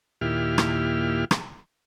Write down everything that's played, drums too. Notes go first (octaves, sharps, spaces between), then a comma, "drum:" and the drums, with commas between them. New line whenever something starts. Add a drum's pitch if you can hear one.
D#2 A#2 E4 G4 F6
drum: rim click
drum: rim click